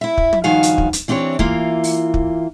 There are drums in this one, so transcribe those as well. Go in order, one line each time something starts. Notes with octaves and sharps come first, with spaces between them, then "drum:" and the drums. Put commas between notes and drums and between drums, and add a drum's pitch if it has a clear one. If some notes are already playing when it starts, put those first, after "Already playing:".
E4 E5
drum: kick
drum: tom
G2 D#3 F3 F#4 F5 G#5
drum: hi-hat
drum: kick
drum: hi-hat
E3 C4 D4 G4 C#5
E3 A#3 F4, drum: kick
drum: open hi-hat
drum: kick